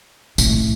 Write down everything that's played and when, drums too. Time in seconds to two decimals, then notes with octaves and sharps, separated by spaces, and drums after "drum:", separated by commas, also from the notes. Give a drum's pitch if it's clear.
0.38 A2, drum: tambourine